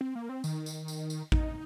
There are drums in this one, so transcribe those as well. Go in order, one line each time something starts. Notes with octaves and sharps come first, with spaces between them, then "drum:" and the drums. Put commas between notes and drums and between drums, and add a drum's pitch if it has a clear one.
C4
A#3
C4
D#3, drum: tambourine
drum: tambourine
drum: tambourine
drum: tambourine
D#4, drum: kick A1